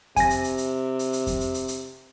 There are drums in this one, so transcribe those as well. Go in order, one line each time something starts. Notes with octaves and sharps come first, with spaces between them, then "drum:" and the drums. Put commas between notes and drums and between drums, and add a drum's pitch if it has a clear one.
C3 G#5 A#6, drum: kick F2, hi-hat
drum: hi-hat
drum: hi-hat
drum: hi-hat
drum: hi-hat
drum: hi-hat
drum: kick F2, hi-hat
drum: hi-hat
drum: hi-hat
drum: hi-hat